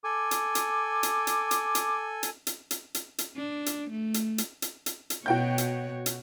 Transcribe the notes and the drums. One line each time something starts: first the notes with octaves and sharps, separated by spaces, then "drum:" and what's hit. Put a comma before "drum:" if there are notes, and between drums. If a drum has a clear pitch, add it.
A4 G#5 D6
drum: hi-hat
drum: hi-hat
drum: hi-hat
drum: hi-hat
drum: hi-hat
drum: hi-hat
drum: hi-hat
drum: hi-hat
drum: hi-hat
drum: hi-hat
drum: hi-hat
D4
drum: hi-hat
A3
drum: hi-hat
drum: hi-hat
drum: hi-hat
drum: hi-hat
drum: hi-hat
B2 F#4 C#5 G5 G6
drum: hi-hat
drum: hi-hat